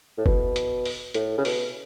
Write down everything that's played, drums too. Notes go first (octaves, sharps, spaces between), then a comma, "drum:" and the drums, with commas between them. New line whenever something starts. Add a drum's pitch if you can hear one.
A2
B2, drum: kick
drum: hi-hat
drum: open hi-hat
A2, drum: hi-hat
C#3
B2, drum: open hi-hat